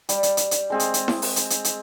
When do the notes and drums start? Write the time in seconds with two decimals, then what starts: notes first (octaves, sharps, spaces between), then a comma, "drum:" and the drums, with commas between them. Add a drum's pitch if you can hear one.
0.09 G3, drum: hi-hat
0.23 drum: hi-hat
0.37 drum: hi-hat
0.51 drum: hi-hat
0.70 G#3 C4 G#4
0.80 drum: hi-hat
0.94 drum: hi-hat
1.08 drum: snare E4
1.22 drum: open hi-hat
1.36 drum: hi-hat
1.50 drum: hi-hat
1.64 drum: hi-hat